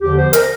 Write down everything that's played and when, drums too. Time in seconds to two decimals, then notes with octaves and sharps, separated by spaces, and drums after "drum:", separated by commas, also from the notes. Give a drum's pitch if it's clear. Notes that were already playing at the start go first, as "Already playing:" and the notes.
0.01 E2 D3 F3 G4
0.17 C5
0.33 A#4, drum: hi-hat